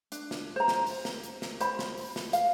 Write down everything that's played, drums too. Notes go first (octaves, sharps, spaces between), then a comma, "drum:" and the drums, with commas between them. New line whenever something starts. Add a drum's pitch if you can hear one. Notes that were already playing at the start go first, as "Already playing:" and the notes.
D4, drum: hi-hat
drum: snare
C5 A#5
drum: snare
drum: open hi-hat
drum: snare
drum: hi-hat
drum: snare
C5 B5, drum: hi-hat
drum: snare
drum: open hi-hat
drum: snare
F5, drum: hi-hat